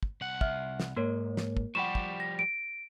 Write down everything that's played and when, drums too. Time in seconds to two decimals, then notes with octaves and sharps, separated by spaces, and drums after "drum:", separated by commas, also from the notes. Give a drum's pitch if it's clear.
0.03 drum: kick
0.21 C2 F#5
0.41 E5 F6, drum: kick
0.80 drum: snare
0.96 G#2 A#3 A#4 C#5
1.37 drum: snare
1.57 drum: kick
1.75 F3 G3 G4 F#5 B5 C#6 E7
1.95 drum: kick
2.20 A#6
2.39 D7